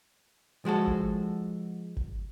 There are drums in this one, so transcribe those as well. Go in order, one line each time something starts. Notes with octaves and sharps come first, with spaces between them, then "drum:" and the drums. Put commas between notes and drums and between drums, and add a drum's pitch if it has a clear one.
F3 G#3 F#4 A4
drum: kick G#1
drum: kick G#1